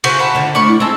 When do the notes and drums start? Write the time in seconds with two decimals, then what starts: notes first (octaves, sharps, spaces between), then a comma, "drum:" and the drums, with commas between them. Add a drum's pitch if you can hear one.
0.04 C#3 F#4 C5 G6, drum: cymbal
0.19 F#5 A5 B5
0.35 D3 F4
0.55 A3 D4 B5 C#6 F6
0.67 E4
0.80 G#3 C4 A5 E6